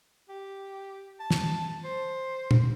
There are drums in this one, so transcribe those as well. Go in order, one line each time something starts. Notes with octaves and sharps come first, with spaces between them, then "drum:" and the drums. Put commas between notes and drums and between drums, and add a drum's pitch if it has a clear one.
G4
A5
drum: snare
C5
drum: tom A#2